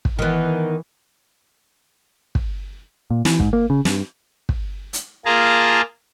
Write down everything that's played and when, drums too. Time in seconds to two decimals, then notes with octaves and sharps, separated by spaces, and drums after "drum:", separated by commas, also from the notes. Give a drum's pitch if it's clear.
0.05 drum: kick
0.19 D#3 E3 B3
2.35 drum: kick
3.11 A#2
3.25 E3, drum: snare
3.40 G#2, drum: kick
3.53 A#3
3.70 C#3
3.85 G2, drum: snare
4.49 drum: kick
4.93 drum: hi-hat
5.25 A#3 F4 G#4 A5 A#5